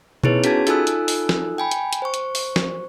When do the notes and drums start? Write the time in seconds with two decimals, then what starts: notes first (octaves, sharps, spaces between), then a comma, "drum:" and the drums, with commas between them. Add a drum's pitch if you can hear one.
0.24 B3 D#4 E4 G#4 B4 C#5, drum: tom B2
0.44 C#4 F#4 G#4 A5 G#6, drum: hi-hat
0.67 D#4 F4 A4 G#5 E6 F#6, drum: hi-hat
0.87 drum: hi-hat
1.08 drum: open hi-hat
1.29 drum: snare
1.58 G5 G#5 B5
1.71 drum: hi-hat
1.93 drum: hi-hat
2.02 C5 C#6
2.14 drum: hi-hat
2.35 drum: open hi-hat
2.56 drum: snare